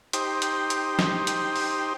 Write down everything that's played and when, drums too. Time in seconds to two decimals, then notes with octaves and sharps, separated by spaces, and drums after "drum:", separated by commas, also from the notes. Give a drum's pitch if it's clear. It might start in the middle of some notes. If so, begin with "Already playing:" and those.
0.13 D#4 G4 C5, drum: hi-hat
0.42 drum: hi-hat
0.70 drum: hi-hat
0.99 drum: snare
1.27 drum: hi-hat
1.56 drum: open hi-hat